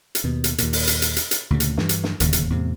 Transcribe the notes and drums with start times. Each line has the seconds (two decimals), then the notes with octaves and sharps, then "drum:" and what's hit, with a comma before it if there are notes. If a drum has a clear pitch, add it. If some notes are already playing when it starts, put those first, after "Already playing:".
0.15 drum: hi-hat
0.24 D#2 B2
0.44 drum: hi-hat
0.58 D#2 A#2, drum: hi-hat
0.73 drum: open hi-hat
0.87 drum: hi-hat
1.02 drum: hi-hat
1.16 drum: hi-hat
1.31 drum: hi-hat
1.50 D2 A#2 C#3
1.60 drum: hi-hat
1.77 G2 E3, drum: snare
1.89 drum: hi-hat
2.04 drum: snare
2.20 D1 D#2 C#3, drum: hi-hat
2.33 drum: hi-hat
2.50 E2 A2 C3